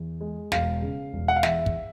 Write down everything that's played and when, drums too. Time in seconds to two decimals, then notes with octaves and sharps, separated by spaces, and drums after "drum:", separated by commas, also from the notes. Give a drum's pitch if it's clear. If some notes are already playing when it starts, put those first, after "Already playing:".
Already playing: E2
0.21 G#3
0.52 E1 F5, drum: snare
0.82 C#3
1.13 E1
1.28 F#5
1.36 F5
1.43 E2 E5, drum: snare
1.66 drum: kick